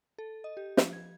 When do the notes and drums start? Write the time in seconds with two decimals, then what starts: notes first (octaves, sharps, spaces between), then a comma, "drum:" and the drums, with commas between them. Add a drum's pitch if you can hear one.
0.18 A4
0.44 D#5
0.57 G4
0.77 F3, drum: snare
0.93 G#6